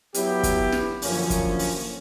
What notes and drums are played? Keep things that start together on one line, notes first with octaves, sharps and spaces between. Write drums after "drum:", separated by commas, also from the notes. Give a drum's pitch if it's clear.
F#3 B3 E4 G4, drum: hi-hat
drum: kick, hi-hat
drum: snare
F#2 D3 F3 A#3 C#4, drum: open hi-hat
drum: kick, hi-hat
drum: open hi-hat